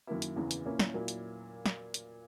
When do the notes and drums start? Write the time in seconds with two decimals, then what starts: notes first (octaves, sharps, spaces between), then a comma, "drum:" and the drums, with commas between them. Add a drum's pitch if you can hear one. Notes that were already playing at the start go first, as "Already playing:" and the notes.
0.07 F#2 D#3 A#3 E4
0.22 drum: hi-hat
0.36 E2 C#3 E3
0.51 drum: hi-hat
0.65 A#2 A#3 C#4 E4
0.79 drum: snare
0.94 A#2 F#3 A#3 E4
1.08 drum: hi-hat
1.66 drum: snare
1.94 drum: hi-hat